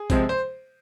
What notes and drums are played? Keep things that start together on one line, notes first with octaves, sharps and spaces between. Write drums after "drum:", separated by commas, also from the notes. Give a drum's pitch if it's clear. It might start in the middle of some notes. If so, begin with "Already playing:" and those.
Already playing: G#4
C3 F3 G#3 C4, drum: kick, hi-hat
C5